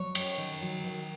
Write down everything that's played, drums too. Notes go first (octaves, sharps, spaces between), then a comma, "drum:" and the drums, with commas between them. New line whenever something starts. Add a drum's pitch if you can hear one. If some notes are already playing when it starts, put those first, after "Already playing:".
Already playing: F#3 C#5
F#2, drum: cymbal
D#3
F#3
D#3